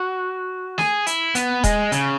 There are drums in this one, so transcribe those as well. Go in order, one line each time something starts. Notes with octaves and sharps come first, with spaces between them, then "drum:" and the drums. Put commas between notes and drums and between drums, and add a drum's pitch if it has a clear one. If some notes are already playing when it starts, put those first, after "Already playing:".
Already playing: F#4
G#4, drum: snare
E4, drum: hi-hat
B3, drum: hi-hat
G#3, drum: kick D#1, hi-hat
C#3, drum: hi-hat